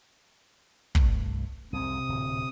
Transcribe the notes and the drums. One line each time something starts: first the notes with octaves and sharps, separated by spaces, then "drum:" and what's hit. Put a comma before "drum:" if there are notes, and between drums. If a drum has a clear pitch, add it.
C2 G2 A3, drum: kick
C2 F2 G#2 C3 D#6
D1 A#2